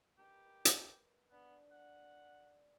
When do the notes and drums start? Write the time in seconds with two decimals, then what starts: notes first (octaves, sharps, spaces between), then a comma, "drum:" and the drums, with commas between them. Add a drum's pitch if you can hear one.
0.18 D#4 G4 A#4 B4
0.65 drum: hi-hat
1.32 B3 D4 G#4 D5
1.71 F#5